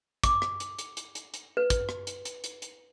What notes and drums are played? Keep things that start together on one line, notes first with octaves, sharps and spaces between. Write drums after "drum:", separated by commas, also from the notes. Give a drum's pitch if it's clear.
D6, drum: kick, hi-hat
drum: rim click
drum: hi-hat
drum: hi-hat
drum: hi-hat
drum: hi-hat
drum: hi-hat
B4
drum: kick, hi-hat
drum: rim click
drum: hi-hat
drum: hi-hat
drum: hi-hat
drum: hi-hat